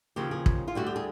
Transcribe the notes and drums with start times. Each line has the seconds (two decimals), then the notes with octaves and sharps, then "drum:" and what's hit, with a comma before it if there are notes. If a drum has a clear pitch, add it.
0.16 D#2 C#3 F3 G4
0.31 G#4
0.46 drum: kick
0.68 F4
0.75 D2 D3 G3 F#4
0.86 G4
0.96 G#4